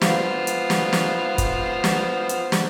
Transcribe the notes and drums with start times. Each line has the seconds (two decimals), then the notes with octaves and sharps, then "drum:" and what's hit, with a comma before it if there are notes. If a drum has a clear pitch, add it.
0.01 B3 F4 C5, drum: snare
0.47 drum: hi-hat
0.70 drum: snare
0.93 drum: snare
1.38 drum: kick, hi-hat
1.84 drum: snare
2.29 drum: hi-hat
2.52 drum: snare